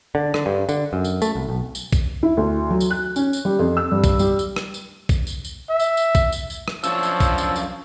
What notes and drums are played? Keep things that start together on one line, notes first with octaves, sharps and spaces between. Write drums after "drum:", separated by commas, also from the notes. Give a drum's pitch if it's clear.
D3
D3, drum: rim click
G2
D3, drum: tambourine
F#2
drum: tambourine
A3, drum: tambourine
C2
B1
drum: tambourine
drum: kick, tambourine
E4
D2
F#3
drum: tambourine
F#6
C#4, drum: tambourine
drum: tambourine
G3
F2
E6
G2
drum: kick, tambourine
G3, drum: tambourine
drum: tambourine
drum: rim click
drum: tambourine
drum: kick, tambourine
drum: tambourine
drum: tambourine
E5
drum: tambourine
drum: tambourine
drum: kick, tambourine
drum: tambourine
drum: tambourine
drum: rim click
F#2 F3 D4 C#5 E6, drum: tambourine
drum: tambourine
drum: kick, tambourine
drum: tambourine
drum: tambourine